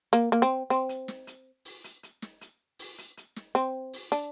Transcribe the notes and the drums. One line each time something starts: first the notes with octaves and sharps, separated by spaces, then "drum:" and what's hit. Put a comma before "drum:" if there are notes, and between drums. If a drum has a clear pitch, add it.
A#3, drum: hi-hat
A#3
C4
C4, drum: hi-hat
drum: hi-hat
drum: snare
drum: hi-hat
drum: open hi-hat
drum: hi-hat
drum: hi-hat
drum: snare
drum: hi-hat
drum: open hi-hat
drum: hi-hat
drum: hi-hat
drum: snare
C4, drum: hi-hat
drum: open hi-hat
D4, drum: hi-hat